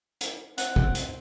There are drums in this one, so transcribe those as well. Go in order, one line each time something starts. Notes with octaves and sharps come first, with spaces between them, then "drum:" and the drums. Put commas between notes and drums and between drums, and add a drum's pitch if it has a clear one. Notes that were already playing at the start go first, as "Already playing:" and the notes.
drum: hi-hat
C4 F#5, drum: hi-hat
drum: kick
drum: hi-hat